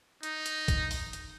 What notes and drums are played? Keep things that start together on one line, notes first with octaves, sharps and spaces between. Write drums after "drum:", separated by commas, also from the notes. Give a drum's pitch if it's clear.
D#4, drum: hi-hat
drum: hi-hat
drum: kick, hi-hat
drum: open hi-hat
drum: hi-hat